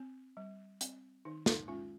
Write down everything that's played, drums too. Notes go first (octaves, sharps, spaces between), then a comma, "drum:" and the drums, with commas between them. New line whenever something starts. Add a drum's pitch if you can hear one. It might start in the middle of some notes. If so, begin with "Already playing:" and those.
Already playing: C4
G3
C4, drum: hi-hat
D#3 D#4
D#4, drum: snare
G#3 C#4 F4